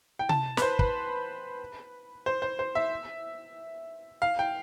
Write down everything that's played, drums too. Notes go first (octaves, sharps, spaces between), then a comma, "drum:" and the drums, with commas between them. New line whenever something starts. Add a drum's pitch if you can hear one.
G5
A5, drum: tom C3
B4, drum: snare
C5
B4, drum: kick
C5
C5
C5
E5
F5
G5